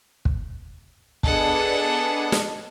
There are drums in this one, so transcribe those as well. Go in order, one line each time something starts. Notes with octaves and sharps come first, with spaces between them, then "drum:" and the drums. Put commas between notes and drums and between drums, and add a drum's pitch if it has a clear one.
drum: kick
B3 D4 G#4 A4 D#5 F#5 A5, drum: kick
drum: snare